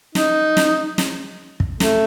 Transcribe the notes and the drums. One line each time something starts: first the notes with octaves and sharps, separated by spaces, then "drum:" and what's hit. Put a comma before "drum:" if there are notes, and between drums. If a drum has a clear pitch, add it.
D#4, drum: snare
drum: snare
drum: snare
drum: kick
A3, drum: snare